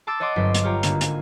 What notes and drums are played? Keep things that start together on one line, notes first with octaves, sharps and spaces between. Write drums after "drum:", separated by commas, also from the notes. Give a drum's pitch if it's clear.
A5 C6 D6 E6 A6
C#5 D#5 F#5 C6 D6 D#6
G1 G2 F#3 C4 C6 B6
drum: hi-hat
F4 G4 C#5 A#5
G#1 D3 A#3, drum: hi-hat
G#5, drum: hi-hat